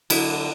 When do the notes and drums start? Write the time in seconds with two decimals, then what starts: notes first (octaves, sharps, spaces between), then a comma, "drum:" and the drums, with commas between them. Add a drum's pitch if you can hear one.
0.10 D3 F#3 B3 D4 E4, drum: cymbal